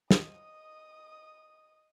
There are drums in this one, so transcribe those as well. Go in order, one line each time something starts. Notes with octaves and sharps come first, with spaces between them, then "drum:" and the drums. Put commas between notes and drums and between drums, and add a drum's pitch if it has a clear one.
D#5 D#6, drum: snare